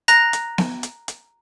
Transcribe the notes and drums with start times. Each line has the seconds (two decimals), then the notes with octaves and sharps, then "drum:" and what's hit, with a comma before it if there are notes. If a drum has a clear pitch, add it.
0.08 A#5 F#6 A#6, drum: hi-hat
0.33 drum: hi-hat
0.58 drum: snare B3
0.83 drum: hi-hat
1.08 drum: hi-hat